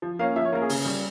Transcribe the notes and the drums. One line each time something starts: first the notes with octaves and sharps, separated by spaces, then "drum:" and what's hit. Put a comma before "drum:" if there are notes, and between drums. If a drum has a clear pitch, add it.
F3
A#3 C#4 F5
F3 E5
C#5
A#3 C#4 A#4
G#4
C#3, drum: open hi-hat
G3 C#4